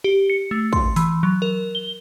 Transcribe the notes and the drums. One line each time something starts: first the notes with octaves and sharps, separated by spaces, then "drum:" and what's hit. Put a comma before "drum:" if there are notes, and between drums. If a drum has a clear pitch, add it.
G4
C#7
A3
C6, drum: kick
E3, drum: open hi-hat
F#3
A#4
G7